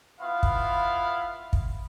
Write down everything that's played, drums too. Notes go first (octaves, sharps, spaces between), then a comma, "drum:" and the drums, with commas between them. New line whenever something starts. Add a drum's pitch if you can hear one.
B3 E4 F4 F5
drum: kick
drum: kick